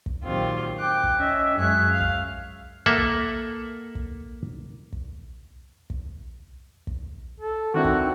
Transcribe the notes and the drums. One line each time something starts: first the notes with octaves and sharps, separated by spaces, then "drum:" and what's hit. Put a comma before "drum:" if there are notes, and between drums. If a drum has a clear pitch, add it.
drum: kick
A#2 D#3 F#3 C4 F4 G4
G5 D6 F#6
drum: kick
C#4 D#5 E5
F#2 G#3 G#4 C#5 E5 F#6
F5
drum: kick
A#3 A4 E5 F#5
drum: kick
drum: kick
drum: kick
drum: kick
drum: kick
A4
D#3 C4 D4 E4 F#4
drum: kick